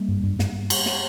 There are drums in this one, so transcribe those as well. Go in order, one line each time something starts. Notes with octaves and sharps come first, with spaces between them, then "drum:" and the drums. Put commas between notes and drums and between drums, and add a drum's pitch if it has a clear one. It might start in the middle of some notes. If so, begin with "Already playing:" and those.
Already playing: G3 A#3
G2
G2
G2, drum: snare
drum: cymbal
drum: snare